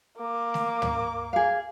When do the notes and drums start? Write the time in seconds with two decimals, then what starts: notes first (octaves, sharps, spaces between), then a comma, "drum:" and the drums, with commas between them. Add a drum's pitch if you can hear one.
0.18 A#3 D6
0.54 drum: snare A3
0.82 drum: tom
1.33 G#4 F5